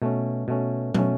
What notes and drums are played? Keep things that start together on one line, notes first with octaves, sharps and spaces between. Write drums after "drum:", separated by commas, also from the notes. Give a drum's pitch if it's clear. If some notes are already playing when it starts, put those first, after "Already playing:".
B2 A3 C#4
B2 A3 C#4
B2 A3 C#4, drum: tom F#3